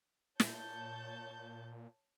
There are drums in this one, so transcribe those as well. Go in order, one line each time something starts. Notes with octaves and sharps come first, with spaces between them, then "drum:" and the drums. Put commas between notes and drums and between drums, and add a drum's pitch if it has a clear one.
A#2 C#5 A5 G6, drum: snare